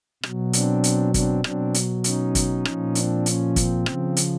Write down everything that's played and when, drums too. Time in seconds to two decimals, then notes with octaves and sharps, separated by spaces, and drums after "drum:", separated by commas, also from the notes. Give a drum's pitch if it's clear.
0.23 B2 F#3, drum: rim click
0.53 C4 D4, drum: hi-hat
0.84 drum: hi-hat
1.14 C4 D4, drum: kick, hi-hat
1.44 B2 F#3 C4 D4, drum: rim click
1.74 drum: hi-hat
2.04 C#4 D#4, drum: hi-hat
2.35 drum: kick, hi-hat
2.65 A#2 F3, drum: rim click
2.95 C4 D4, drum: hi-hat
3.26 C#4, drum: hi-hat
3.56 C4, drum: kick, hi-hat
3.86 C#3 F3, drum: rim click
4.17 drum: hi-hat